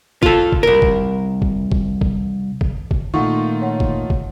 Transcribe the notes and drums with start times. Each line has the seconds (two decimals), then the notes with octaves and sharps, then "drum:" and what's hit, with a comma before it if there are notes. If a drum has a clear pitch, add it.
0.23 F4 A4, drum: kick
0.52 drum: kick
0.63 C2 A#4
0.82 drum: kick
1.42 drum: kick
1.72 drum: kick
2.01 drum: kick
2.61 drum: kick
2.91 drum: kick
3.14 A#2 D#3 A3 D#4 F4 F#5 C#6
3.62 C#5 F#5
3.80 drum: kick
4.10 drum: kick